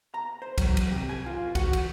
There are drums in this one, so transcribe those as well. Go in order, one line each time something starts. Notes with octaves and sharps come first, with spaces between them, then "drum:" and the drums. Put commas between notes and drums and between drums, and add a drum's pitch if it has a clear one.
A#5
C5
F#3, drum: kick, cymbal
drum: cymbal
C3
G#5
F4
F#4, drum: kick, cymbal
drum: cymbal